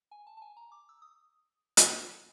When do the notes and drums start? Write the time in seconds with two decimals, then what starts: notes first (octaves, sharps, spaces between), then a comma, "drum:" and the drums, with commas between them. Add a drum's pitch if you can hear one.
0.11 G#5
0.27 A5
0.37 A5
0.42 G#5
0.57 A#5
0.72 D6
0.89 E6
1.02 D#6
1.77 drum: hi-hat